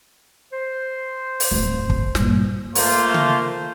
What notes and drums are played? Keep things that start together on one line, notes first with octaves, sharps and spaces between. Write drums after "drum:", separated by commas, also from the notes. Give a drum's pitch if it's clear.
C5
drum: open hi-hat
D1 F2
drum: kick
G2 A#2, drum: snare
A3 A#3 F4 C5, drum: open hi-hat
drum: tom C#3